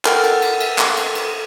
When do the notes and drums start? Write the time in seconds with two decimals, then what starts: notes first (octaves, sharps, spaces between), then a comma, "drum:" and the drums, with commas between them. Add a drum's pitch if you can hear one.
0.05 A4 A#4 F#5 G5 F6 A6, drum: clap
0.23 drum: cymbal
0.42 drum: cymbal
0.60 drum: cymbal
0.78 drum: clap
0.97 drum: cymbal
1.15 drum: cymbal